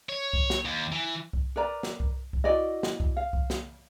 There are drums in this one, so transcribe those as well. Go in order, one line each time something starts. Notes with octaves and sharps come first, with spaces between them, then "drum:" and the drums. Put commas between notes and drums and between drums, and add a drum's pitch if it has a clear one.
C#5
drum: kick C2
drum: snare
D#2
E3
drum: kick C2
A#4 B4 D5 A#5
drum: snare
drum: kick C2
drum: kick C2
E4 F#4 D5 D#5
drum: snare
drum: kick C2
F5
drum: kick C2
drum: snare